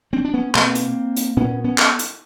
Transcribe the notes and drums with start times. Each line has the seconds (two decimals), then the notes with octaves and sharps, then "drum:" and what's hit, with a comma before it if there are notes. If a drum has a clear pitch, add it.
0.13 C4 D4
0.25 D4
0.34 B3 C#4
0.55 B2 A#3 C4, drum: clap
0.75 drum: hi-hat
1.16 drum: hi-hat
1.37 A#2 B3 C#4
1.64 B3 C#4
1.78 drum: clap
1.99 drum: hi-hat